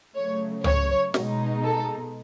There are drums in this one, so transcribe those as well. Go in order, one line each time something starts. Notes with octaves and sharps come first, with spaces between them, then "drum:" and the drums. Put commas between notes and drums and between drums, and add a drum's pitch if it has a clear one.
C#3 F#3 A3 C#5
C#5, drum: tom C#2
B2 G#3 D#4, drum: snare
A4